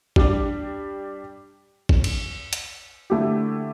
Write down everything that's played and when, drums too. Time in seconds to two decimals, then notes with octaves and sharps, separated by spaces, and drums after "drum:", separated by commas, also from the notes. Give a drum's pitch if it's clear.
0.16 G3 D4 G4, drum: kick A1
1.89 drum: kick A1
2.04 drum: cymbal
2.53 drum: hi-hat
3.10 D3 A3 E4 G4